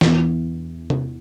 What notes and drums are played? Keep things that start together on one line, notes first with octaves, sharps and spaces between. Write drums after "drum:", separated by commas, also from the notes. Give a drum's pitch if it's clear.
E2 E3 B3, drum: snare
drum: tom C3